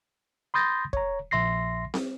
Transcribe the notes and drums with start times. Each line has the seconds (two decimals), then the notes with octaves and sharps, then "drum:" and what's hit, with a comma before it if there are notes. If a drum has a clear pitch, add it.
0.54 B5 C6 D#6 G6 A6 A#6
0.93 C#5 A#5, drum: kick
1.31 A#1 E5 C6 A#6 C7
1.94 drum: snare C4